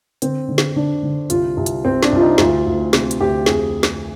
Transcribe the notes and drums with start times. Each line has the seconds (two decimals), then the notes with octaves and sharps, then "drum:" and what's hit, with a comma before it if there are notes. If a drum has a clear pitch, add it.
0.22 D3 C4, drum: hi-hat
0.49 D3
0.58 drum: snare
0.76 D3 D4
1.03 D3
1.30 C2 F4, drum: hi-hat
1.57 C2
1.66 drum: hi-hat
1.85 C2 C4
2.03 D4, drum: snare
2.12 C2 F4
2.21 D#4
2.38 D2 F4, drum: snare
2.66 D2
2.93 C3, drum: snare
3.11 drum: hi-hat
3.20 D2 G4
3.46 F2 G#4, drum: snare
3.83 drum: snare